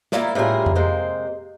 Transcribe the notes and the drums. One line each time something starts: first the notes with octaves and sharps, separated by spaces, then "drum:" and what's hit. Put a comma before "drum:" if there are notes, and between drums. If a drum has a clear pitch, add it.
A#3 E4 F4 A#4 D5 E5, drum: snare
A2 G3 D4 F4 G#4 A#4
drum: tom F2
C3 G#3 A#3 C5